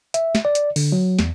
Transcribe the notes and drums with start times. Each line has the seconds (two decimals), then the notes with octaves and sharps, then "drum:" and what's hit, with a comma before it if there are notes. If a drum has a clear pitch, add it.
0.14 E5, drum: hi-hat
0.35 drum: snare
0.45 D5
0.55 drum: hi-hat
0.76 D3, drum: open hi-hat
0.92 F#3
1.19 E2, drum: snare